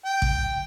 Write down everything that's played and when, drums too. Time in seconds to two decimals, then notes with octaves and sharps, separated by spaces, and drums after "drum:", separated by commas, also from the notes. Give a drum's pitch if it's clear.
0.05 G5
0.22 drum: kick A1